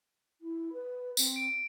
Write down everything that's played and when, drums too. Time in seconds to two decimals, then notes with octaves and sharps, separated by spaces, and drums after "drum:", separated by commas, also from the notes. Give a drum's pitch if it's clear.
0.41 E4
0.73 B4
1.17 C4, drum: tambourine
1.36 D7